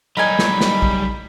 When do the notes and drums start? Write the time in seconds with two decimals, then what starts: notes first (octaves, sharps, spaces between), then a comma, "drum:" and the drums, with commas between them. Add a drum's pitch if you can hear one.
0.17 F#3 G3 D#4 A#4 G#5 B5
0.39 drum: snare
0.61 drum: snare
0.82 drum: kick A#1